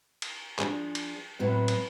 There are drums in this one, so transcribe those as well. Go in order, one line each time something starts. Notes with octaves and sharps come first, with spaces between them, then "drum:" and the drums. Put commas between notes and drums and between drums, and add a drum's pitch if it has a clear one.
drum: cymbal
F3 D4 G#4, drum: clap
drum: cymbal
A2 F#3 C4 B4
drum: cymbal